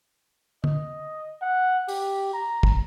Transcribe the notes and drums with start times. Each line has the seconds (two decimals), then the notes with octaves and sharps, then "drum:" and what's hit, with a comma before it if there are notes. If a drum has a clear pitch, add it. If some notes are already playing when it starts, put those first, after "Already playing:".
0.64 D#5, drum: tom
1.42 F#5
1.89 G4, drum: open hi-hat
2.34 A#5
2.63 drum: kick